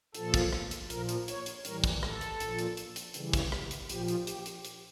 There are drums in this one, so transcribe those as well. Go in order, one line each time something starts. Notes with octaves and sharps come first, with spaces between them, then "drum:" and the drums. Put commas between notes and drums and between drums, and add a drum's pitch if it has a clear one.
A#2 F3 A4, drum: hi-hat
drum: kick, hi-hat
drum: rim click
drum: hi-hat
A#2 F3 A#4, drum: hi-hat
drum: hi-hat
C#5, drum: hi-hat
drum: hi-hat
A2 E3 G3 A#4, drum: hi-hat
drum: kick, hi-hat
A4, drum: rim click
drum: hi-hat
A#2 F3, drum: hi-hat
drum: hi-hat
drum: hi-hat
drum: hi-hat
C#3 E3 G3, drum: hi-hat
drum: kick, hi-hat
drum: rim click
drum: hi-hat
A#2 F3 G4, drum: hi-hat
drum: hi-hat
G4, drum: hi-hat
drum: hi-hat
drum: hi-hat